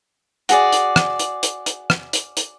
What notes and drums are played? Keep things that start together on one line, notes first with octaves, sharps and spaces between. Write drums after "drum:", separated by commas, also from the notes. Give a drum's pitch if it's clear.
F#4 G#4 D5, drum: hi-hat
drum: hi-hat
drum: rim click
drum: hi-hat
drum: hi-hat
drum: hi-hat
drum: rim click
drum: hi-hat
drum: hi-hat